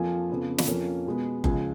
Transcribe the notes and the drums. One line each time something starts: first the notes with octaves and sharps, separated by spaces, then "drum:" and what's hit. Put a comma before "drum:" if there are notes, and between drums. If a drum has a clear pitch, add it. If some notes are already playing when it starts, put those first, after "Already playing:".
Already playing: F2 F3 A#3 G#5
F2 C#3 F3 B3
drum: snare
F2 F3 A#3 C#4
B2 G#3 B3
C#2 C#3 F3 G#3 G#5, drum: kick F#1